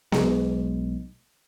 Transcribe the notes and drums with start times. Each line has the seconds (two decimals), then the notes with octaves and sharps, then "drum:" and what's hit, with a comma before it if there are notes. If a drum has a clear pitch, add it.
0.12 B1 G#3, drum: snare B3